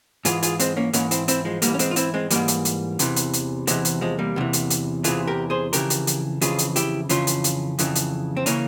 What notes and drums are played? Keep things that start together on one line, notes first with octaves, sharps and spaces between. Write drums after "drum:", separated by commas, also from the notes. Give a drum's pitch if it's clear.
G#2 E3 F4 G#4, drum: hi-hat
F4 G#4, drum: hi-hat
G#3 C4, drum: hi-hat
A#3 C#4
G#2 E3 A#3 C#4, drum: hi-hat
C4 E4, drum: hi-hat
C4 E4, drum: hi-hat
F3 G#3
G#2 E3 G3 A#3, drum: hi-hat
C#4
G#3 C4, drum: hi-hat
F4
C4 E4, drum: hi-hat
G#3 C4
G#2 E3 G3 A#3, drum: hi-hat
drum: hi-hat
drum: hi-hat
E2 C3 E3, drum: hi-hat
drum: hi-hat
drum: hi-hat
E2 C3 E3 F3 G#3, drum: hi-hat
drum: hi-hat
F3 G#3
G3 A#3
E2 C3 E3
drum: hi-hat
drum: hi-hat
E2 C3 E3 F4 G#4, drum: hi-hat
G4 A#4
G#4 C5
F2 C#3 E3 G4 A#4, drum: hi-hat
drum: hi-hat
drum: hi-hat
F2 C#3 E3 F4 G#4, drum: hi-hat
drum: hi-hat
E4 G4, drum: hi-hat
F2 C#3 E3 C#4 F4, drum: hi-hat
drum: hi-hat
drum: hi-hat
F2 C#3 E3, drum: hi-hat
drum: hi-hat
C4
C#3 E3 A#3 C#4, drum: hi-hat